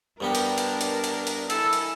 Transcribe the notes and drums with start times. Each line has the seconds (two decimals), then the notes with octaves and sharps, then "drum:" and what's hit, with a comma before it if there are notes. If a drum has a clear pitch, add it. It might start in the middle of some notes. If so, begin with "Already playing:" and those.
0.20 G2 B3 D4 G4 A#4
0.35 drum: hi-hat
0.58 drum: hi-hat
0.81 drum: hi-hat
1.04 drum: hi-hat
1.27 drum: hi-hat
1.50 E4 A4 G#5, drum: hi-hat
1.73 drum: hi-hat